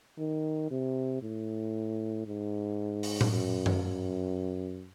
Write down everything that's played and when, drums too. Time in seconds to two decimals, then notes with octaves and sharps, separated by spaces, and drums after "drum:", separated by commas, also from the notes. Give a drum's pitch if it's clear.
0.19 D#3
0.71 C3
1.23 A2
2.27 G#2
3.03 drum: open hi-hat
3.21 drum: tom A2
3.31 F#2
3.66 drum: tom F#2
3.83 F#2